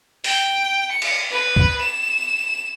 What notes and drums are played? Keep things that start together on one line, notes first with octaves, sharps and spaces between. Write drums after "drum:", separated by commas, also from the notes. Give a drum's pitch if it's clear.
G5, drum: open hi-hat
C#7
drum: cymbal
B4
drum: kick
E7